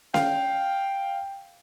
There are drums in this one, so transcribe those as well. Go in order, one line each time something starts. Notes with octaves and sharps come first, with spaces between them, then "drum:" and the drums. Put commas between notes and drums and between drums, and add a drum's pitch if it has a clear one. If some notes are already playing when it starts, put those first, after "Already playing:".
F5 G5, drum: snare C#4